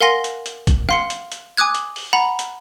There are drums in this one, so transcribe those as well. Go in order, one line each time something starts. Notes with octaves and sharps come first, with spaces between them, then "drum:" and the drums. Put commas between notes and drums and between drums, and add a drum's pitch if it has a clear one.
A#4 F5 F#5 G#5 C6 A#6
drum: hi-hat
drum: hi-hat
drum: kick, hi-hat
F5 C6 C#7, drum: rim click
drum: hi-hat
drum: hi-hat
G#5 D6 D#6 F#6 G#6
drum: hi-hat
drum: open hi-hat
F#5 A#5 B5
drum: hi-hat